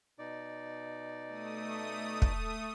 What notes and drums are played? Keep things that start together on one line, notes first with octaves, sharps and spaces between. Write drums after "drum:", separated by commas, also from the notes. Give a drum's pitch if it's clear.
B2 D#4 D5
A3 D#6
drum: kick